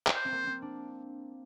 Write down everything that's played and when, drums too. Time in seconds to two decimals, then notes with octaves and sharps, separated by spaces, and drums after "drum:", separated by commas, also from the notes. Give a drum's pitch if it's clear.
0.07 drum: clap
0.16 C5
0.25 C4
0.32 A#3
0.47 C4
0.62 D4